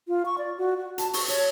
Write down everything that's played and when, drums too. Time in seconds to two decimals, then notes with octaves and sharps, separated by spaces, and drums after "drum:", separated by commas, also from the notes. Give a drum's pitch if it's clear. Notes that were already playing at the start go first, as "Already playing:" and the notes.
0.08 F4
0.26 C#6
0.38 D5
0.58 F#4
0.77 F#4
0.98 A5, drum: hi-hat
1.13 C#6, drum: open hi-hat
1.28 C#5, drum: hi-hat